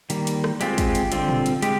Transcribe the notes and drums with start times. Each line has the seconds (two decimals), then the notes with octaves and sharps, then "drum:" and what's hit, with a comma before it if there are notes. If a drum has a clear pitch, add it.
0.10 D#3 G3 A#3, drum: hi-hat
0.27 drum: hi-hat
0.44 drum: rim click
0.61 G#3 C4 F4 G4, drum: hi-hat
0.78 drum: kick, hi-hat
0.95 drum: hi-hat
1.12 D3 G3 C4 F4, drum: hi-hat
1.29 drum: tom
1.46 drum: hi-hat
1.62 G#3 G4, drum: hi-hat